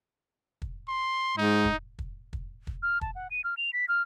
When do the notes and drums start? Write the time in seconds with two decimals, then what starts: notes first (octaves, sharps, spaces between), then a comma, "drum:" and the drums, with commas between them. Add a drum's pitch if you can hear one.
0.62 drum: kick
0.89 C6
1.38 G#2 D#4
1.64 drum: kick
1.99 drum: kick
2.33 drum: kick
2.67 drum: kick
2.83 F6
3.01 A5, drum: kick
3.15 F#5
3.31 D#7
3.44 F6
3.57 F7
3.73 B6
3.89 F6